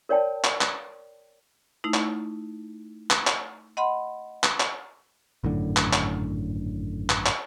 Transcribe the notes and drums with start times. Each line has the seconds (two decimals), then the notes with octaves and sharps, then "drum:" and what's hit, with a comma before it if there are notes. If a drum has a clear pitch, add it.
0.09 A#4 C#5 D5 G5 A5
0.44 drum: clap
0.61 drum: clap
1.84 A3 D#4 E4
1.94 drum: clap
3.10 drum: clap
3.27 drum: clap
3.77 D#5 F#5 B5 C6
4.43 drum: clap
4.60 drum: clap
5.44 G#1 F#2 A2 D3
5.77 drum: clap
5.93 drum: clap
7.10 drum: clap
7.26 drum: clap